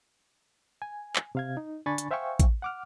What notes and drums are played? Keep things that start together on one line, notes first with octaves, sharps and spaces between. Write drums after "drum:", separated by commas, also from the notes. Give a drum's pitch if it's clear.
G#5
drum: clap
C3 F5 G#6
D#4
D3 D4 G#5 B5 C#6 A6
drum: hi-hat
C5 E5 F5 G5 G#5 C#6
drum: kick A1, hi-hat
F#5 D6 F6